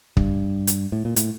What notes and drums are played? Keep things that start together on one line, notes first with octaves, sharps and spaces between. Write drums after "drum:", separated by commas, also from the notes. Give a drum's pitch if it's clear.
G2, drum: kick
drum: hi-hat
A2
A#2
A2, drum: hi-hat